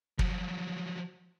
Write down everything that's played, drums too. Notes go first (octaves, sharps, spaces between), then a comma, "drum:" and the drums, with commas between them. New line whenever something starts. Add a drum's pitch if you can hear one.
F3 F#3, drum: kick